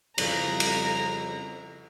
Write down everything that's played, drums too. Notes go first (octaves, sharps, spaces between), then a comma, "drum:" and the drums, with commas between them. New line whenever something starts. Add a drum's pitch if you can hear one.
F2 C#3 E3 G3 A#5, drum: cymbal
drum: cymbal